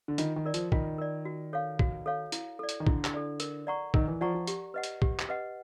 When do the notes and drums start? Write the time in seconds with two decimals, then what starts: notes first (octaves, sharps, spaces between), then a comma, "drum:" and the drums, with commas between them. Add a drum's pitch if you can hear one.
0.08 D3
0.18 D#3 F4, drum: hi-hat
0.36 D#3
0.46 A#4 D5
0.54 F3, drum: hi-hat
0.72 D#3 F4, drum: kick
0.98 A#4 D5
1.25 F#4
1.53 A4 C#5 F5
1.79 F#4, drum: kick
2.06 A4 C#5 F5
2.32 E4, drum: hi-hat
2.59 A4 D5
2.69 drum: hi-hat
2.80 D#3
2.87 D3 E4, drum: kick
3.05 drum: clap
3.14 A4 D5
3.40 A#4, drum: hi-hat
3.67 D5 F#5 A#5 C#6
3.94 D#3 A#4, drum: kick
4.08 E3
4.21 F3 D5 F#5 A#5 C#6
4.34 F3
4.47 G4, drum: hi-hat
4.74 B4 D#5 F#5
4.84 drum: hi-hat
5.02 G4, drum: kick
5.19 drum: clap
5.29 B4 D#5 F#5